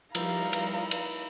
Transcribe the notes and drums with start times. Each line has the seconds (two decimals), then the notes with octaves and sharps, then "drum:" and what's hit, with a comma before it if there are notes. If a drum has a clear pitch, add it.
0.15 F3 G3 A#3 D#4 E4 F5 A#5, drum: cymbal
0.53 drum: cymbal
0.91 drum: cymbal